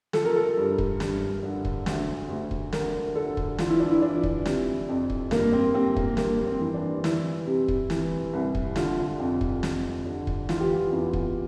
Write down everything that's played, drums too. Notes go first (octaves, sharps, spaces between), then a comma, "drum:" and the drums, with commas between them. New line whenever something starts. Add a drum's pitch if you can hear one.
F3 A4, drum: snare
A#4
A4
G2
drum: kick
G2, drum: snare
D3
drum: kick
D2, drum: snare
D2
drum: kick
D3 A#4, drum: snare
D3 A4
drum: kick
E3 F4, drum: snare
E4
D4
E4
E3 D4
drum: kick
C3, drum: snare
F2
drum: kick
G2 A#3, drum: snare
C4
G2 C4
A#3, drum: kick
G2 A#3, drum: snare
C4
E3
D4
E3 E4, drum: snare
C3
drum: kick
E3, drum: snare
C2
drum: kick
D3 F4, drum: snare
F2
drum: kick
F2, drum: snare
D3
drum: kick
E3 F4, drum: snare
G4
F4
E2
drum: kick